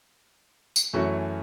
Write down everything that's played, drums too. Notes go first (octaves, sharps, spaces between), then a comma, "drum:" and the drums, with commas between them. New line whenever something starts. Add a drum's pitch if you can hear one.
drum: tambourine
F#2 E3 A3 C#4 F#4